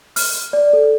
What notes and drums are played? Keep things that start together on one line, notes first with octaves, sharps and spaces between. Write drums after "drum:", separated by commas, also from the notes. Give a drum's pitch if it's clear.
F6, drum: open hi-hat
D5
A4